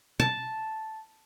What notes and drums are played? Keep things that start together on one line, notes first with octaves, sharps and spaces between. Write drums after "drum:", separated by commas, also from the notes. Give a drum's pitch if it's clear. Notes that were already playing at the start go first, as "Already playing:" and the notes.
A5, drum: tom